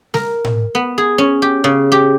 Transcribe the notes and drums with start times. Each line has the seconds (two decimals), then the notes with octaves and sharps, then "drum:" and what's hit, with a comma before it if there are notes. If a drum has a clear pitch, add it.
0.14 A#4, drum: snare
0.45 drum: tom A2
0.75 B3
0.98 G#4
1.18 C#4
1.42 G4
1.64 C#3
1.92 G4